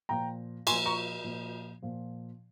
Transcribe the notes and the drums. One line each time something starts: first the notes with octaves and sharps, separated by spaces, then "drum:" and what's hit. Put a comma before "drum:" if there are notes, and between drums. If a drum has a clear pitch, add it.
A#2 F3 G5 A#5
A#2 F3 G#5 C6, drum: cymbal
A#5 C#6
A#2 F3
A#2 F3